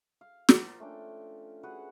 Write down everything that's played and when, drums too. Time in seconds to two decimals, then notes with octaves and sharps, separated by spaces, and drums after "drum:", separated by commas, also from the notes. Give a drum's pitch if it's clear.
0.21 F5
0.49 F3 A#3, drum: snare
0.80 A3 C#4 D4 G5
1.63 F#4 G#4 B4 F#5